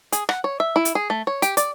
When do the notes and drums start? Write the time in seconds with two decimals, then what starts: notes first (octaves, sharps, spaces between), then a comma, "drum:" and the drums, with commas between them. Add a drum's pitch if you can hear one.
0.12 G#4, drum: hi-hat
0.29 F#5, drum: rim click
0.44 C#5
0.60 E5
0.76 E4
0.85 drum: hi-hat
0.95 G#4
1.10 A3
1.27 C#5
1.42 G4, drum: hi-hat
1.57 D5, drum: hi-hat